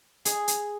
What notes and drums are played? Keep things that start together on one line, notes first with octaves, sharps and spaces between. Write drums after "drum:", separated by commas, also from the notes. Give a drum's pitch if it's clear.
G#4, drum: hi-hat
drum: hi-hat